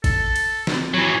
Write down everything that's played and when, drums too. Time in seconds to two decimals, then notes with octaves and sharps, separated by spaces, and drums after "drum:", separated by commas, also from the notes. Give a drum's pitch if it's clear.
0.04 A4, drum: kick, cymbal
0.36 drum: cymbal
0.67 drum: snare
0.94 E3 F#3 C#5